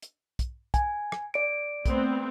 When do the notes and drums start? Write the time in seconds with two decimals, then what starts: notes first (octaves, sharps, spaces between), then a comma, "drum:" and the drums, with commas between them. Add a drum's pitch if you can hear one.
0.02 drum: hi-hat
0.39 drum: kick, hi-hat
0.74 G#5, drum: kick, hi-hat
1.12 drum: rim click
1.34 D5 D7
1.86 A3 B3 C4, drum: kick, hi-hat